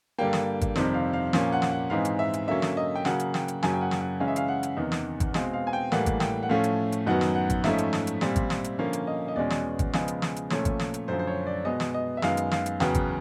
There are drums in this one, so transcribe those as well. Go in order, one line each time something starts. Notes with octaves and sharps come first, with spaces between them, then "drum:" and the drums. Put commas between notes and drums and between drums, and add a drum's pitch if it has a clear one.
G2 D3 G3 A#3 G5
drum: snare
drum: kick G#1, hi-hat
F2 C3 D#3 G3 C4, drum: snare
F5
F5
A#2 F3 A#3 C#4, drum: snare
F#5
drum: snare
F#5
G#2 E3 G#3 C4 F5
drum: hi-hat
E5
drum: hi-hat
D3 F#3 A#3 C#4 E5
drum: snare
D#5
G5
C#3 F#3 A#3 F#5, drum: snare
drum: hi-hat
G5, drum: snare
drum: hi-hat
F#2 C#3 F#3 A#3 C#4 G#5, drum: snare
G5
F#5
drum: snare
F#5
C#3 E3 G#3 C#4 F5
E5
F5, drum: hi-hat
F#5
drum: hi-hat
E2 C3 D#3
drum: snare
drum: kick G#1, hi-hat
B2 G#3 C4 F5, drum: snare
F5
G#5
G5
A2 E3 G3 A#3 F#5, drum: snare
drum: kick G#1, hi-hat
G5, drum: snare
F#5
A2 F3 A3 C#4 F5
drum: hi-hat
drum: hi-hat
F#2 D#3 F#3 B3 F#5
drum: snare
F#5
drum: kick G#1, hi-hat
G#2 F3 A3 C#4 E5, drum: snare
drum: hi-hat
drum: snare
drum: hi-hat
A#2 G3 C4, drum: snare
drum: kick G#1, hi-hat
drum: snare
drum: hi-hat
D3 F3 A#3 C#4 F5
drum: hi-hat
D#5
D#5
E2 B2 G#3 C#4 D5
drum: snare
drum: kick G#1, hi-hat
C#3 F3 G#3 B3, drum: snare
drum: hi-hat
drum: snare
drum: hi-hat
A#2 F3 A3 C#4 C#5, drum: snare
drum: kick G#1, hi-hat
drum: snare
drum: hi-hat
F#2 D3 F3 C5
C5
C#5
D5
B2 G#3 B3 D#5
drum: snare
D#5
E5
F#2 D#3 G#3 B3 F5, drum: snare
drum: hi-hat
F5, drum: snare
drum: hi-hat
E2 C#3 F#3 B3 G5, drum: snare
drum: kick G#1, hi-hat